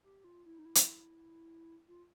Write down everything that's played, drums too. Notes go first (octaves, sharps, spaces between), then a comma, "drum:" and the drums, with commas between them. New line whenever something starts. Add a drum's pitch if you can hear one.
G4
F4
E4
D#4
E4
drum: hi-hat
F4